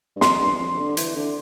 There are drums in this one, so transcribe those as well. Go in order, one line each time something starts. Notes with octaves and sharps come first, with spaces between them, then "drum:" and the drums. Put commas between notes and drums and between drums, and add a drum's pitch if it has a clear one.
G2
F2 C6, drum: snare
G2
E2
F2
D3
E3, drum: hi-hat
D3